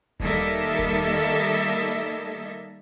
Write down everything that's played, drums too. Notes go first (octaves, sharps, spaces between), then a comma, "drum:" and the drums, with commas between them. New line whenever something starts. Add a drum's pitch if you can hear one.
D#3 G3 A#3 A4 D#5 E5, drum: kick E1
drum: kick E1